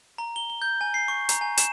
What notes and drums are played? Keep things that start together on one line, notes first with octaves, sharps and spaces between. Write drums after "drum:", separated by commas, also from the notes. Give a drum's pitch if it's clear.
A#5
G7
G7
G6
G#5
C7
C#6
A#5, drum: hi-hat
G#5
E7, drum: hi-hat